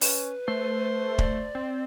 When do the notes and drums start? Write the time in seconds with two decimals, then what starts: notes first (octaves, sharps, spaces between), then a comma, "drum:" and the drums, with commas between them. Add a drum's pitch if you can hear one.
0.01 C#4 B4, drum: open hi-hat
0.48 A3 C5
1.18 D5, drum: kick
1.55 C4